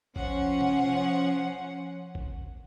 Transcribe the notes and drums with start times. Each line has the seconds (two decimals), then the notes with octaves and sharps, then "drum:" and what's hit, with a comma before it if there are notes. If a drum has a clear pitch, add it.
0.16 F3 C#4 F#5, drum: kick A1
0.61 drum: tom C3
2.15 drum: kick A1